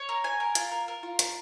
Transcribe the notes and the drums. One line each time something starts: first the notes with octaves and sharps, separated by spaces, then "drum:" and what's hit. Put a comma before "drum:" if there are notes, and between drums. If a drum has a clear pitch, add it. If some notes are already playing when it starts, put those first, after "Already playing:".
Already playing: C#5
A#4
G#5
A#4
F4, drum: hi-hat
A#4
A#4
F4
A#4, drum: hi-hat